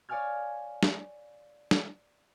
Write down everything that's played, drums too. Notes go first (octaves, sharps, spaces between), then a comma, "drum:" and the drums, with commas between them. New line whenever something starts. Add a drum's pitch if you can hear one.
C#5 D5 F5 G#5 F6 G#6
drum: snare
drum: snare